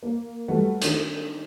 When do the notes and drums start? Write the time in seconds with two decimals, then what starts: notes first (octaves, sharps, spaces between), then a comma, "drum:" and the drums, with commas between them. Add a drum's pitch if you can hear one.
0.03 A#3
0.48 F#3 G3 A3 B4 F#5
0.82 D#3 D4, drum: hi-hat